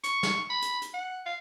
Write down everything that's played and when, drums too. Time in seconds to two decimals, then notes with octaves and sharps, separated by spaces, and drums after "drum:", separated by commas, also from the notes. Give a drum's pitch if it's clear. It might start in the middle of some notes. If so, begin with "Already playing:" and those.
0.04 C#6, drum: hi-hat
0.23 drum: snare
0.50 B5
0.62 drum: hi-hat
0.82 drum: hi-hat
0.93 F#5
1.26 F5